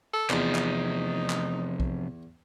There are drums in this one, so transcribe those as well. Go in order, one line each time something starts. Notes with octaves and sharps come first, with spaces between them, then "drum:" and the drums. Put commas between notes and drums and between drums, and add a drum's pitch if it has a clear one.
A4
E2 C3 F3 D#4, drum: clap
drum: clap
drum: clap
drum: kick B1